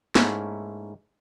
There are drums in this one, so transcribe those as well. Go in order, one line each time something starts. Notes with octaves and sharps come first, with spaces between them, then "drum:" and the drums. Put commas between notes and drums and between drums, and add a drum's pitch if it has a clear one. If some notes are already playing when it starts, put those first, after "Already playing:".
G#2 A3 A#3 C#4 E4, drum: snare